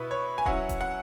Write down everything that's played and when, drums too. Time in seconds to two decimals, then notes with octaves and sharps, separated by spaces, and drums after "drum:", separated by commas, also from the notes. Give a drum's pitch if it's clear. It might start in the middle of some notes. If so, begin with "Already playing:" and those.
Already playing: B2 B3 E4 B4
0.11 C#5
0.38 G#5
0.46 F#3 C#4 E4 F#5, drum: kick D#1
0.69 drum: kick D#1, hi-hat
0.81 F#5